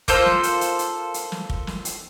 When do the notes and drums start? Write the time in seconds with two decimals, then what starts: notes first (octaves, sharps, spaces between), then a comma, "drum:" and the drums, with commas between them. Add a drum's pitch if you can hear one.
0.08 A#3 F4 A4 C5, drum: kick, hi-hat
0.26 drum: snare
0.43 drum: hi-hat
0.61 drum: hi-hat
0.79 drum: hi-hat
1.14 drum: hi-hat
1.32 drum: snare
1.50 drum: kick
1.67 drum: snare
1.85 drum: hi-hat